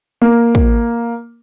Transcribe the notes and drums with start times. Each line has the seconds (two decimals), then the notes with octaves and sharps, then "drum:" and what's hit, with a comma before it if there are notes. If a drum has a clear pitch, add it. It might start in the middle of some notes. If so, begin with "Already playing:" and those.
0.22 A#3
0.55 drum: kick